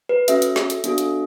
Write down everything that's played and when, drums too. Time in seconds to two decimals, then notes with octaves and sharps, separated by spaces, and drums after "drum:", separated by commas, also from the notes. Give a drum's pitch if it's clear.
0.09 B4
0.28 C#4 F#4 A4 E5, drum: hi-hat
0.42 drum: hi-hat
0.56 drum: snare
0.70 drum: hi-hat
0.84 B3 D4 F#4 A4, drum: hi-hat
0.98 drum: hi-hat